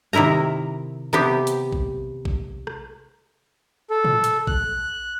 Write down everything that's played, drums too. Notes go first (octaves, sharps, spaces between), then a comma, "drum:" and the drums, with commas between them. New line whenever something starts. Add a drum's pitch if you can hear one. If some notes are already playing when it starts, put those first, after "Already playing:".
C3 D#3 E4 A#4 A#5
C3 B3 G4
drum: hi-hat
drum: kick A#1
drum: kick A#1
drum: rim click
A4
drum: tom A2
drum: hi-hat
F#6, drum: kick A#1